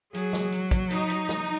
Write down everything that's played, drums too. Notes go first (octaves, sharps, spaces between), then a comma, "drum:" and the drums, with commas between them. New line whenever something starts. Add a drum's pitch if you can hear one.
F#3 G#4, drum: hi-hat
drum: snare
drum: hi-hat
drum: kick, hi-hat
D#4, drum: hi-hat
drum: hi-hat
drum: snare